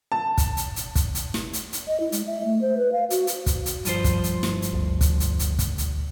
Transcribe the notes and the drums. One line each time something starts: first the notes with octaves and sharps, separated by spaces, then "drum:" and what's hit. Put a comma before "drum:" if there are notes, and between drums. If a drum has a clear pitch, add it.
A5
drum: kick, hi-hat
drum: hi-hat
drum: hi-hat
drum: kick, hi-hat
drum: hi-hat
drum: snare
drum: hi-hat
drum: hi-hat
D#5
E4
G#3, drum: hi-hat
E5
A3
C5
B4
F5
F#4, drum: hi-hat
drum: hi-hat
drum: kick, hi-hat
drum: hi-hat
G2 F3 C5, drum: hi-hat
drum: kick, hi-hat
drum: hi-hat
drum: snare
drum: hi-hat
G#1 D2
drum: kick, hi-hat
drum: hi-hat
drum: hi-hat
drum: kick, hi-hat
drum: hi-hat